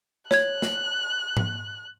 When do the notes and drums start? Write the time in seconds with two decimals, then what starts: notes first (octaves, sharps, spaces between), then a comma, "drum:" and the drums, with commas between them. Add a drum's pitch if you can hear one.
0.31 C#5 F#6 G#6, drum: snare
0.62 drum: snare
1.37 drum: tom G#2